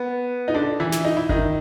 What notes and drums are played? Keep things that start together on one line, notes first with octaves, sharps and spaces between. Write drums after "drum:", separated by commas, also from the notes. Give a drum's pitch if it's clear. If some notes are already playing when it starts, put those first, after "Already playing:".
Already playing: B3
D#4
D3 D4
E3 E4
drum: snare
D#4
E4
D#3 D#4, drum: kick G1